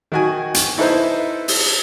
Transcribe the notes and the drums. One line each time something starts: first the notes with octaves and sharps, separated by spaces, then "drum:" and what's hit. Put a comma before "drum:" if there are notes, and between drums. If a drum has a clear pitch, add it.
D#3 F#4 G#5
drum: hi-hat
D#4 E4 A4 B4 C5
drum: open hi-hat